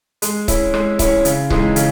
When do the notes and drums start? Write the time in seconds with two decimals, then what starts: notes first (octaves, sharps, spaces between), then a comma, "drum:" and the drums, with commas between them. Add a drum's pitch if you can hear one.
0.22 G#3, drum: hi-hat
0.48 C#4 E4, drum: kick C#1, hi-hat
0.74 G#3, drum: rim click
0.99 C#4 E4, drum: kick C#1, hi-hat
1.25 C#3, drum: hi-hat
1.50 E3 G#3 D#4, drum: kick C#1
1.76 C#3, drum: hi-hat